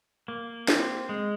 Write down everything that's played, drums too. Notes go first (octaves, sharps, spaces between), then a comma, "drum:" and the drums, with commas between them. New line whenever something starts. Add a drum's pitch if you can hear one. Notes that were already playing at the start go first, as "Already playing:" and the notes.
A#3
C4, drum: snare
G#3